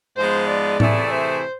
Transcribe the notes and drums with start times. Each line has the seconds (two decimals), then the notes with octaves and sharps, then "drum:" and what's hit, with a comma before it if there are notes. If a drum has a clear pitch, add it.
0.16 G#2 F3 G#3 B3 C5
0.48 D5
0.80 C3 E3 A3 E4 G#4, drum: tom A2
1.11 C5